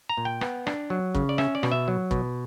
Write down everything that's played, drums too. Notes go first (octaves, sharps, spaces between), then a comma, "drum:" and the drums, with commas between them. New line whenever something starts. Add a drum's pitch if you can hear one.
A#5
A#2
G5
B3, drum: rim click
D4, drum: rim click
F#3
C#3, drum: kick
D5
C#4 E5, drum: rim click
D5
B2, drum: rim click
E5
F#3
B2, drum: kick